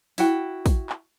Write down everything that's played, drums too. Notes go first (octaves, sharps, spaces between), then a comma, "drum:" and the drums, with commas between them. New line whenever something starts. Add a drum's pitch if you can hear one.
E4 F#4 G5, drum: open hi-hat
drum: kick, open hi-hat
drum: clap